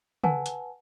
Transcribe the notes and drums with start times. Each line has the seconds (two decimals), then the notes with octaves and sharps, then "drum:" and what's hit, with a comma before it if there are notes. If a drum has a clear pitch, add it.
0.24 B4 F#5 G#5 A5, drum: tom C#3
0.46 drum: hi-hat